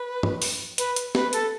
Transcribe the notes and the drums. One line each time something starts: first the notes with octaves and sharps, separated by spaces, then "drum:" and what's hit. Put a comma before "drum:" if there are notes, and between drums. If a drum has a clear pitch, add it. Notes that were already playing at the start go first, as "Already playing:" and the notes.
Already playing: B4
drum: tom
drum: open hi-hat
B4, drum: hi-hat
drum: hi-hat
B4, drum: snare
A4, drum: hi-hat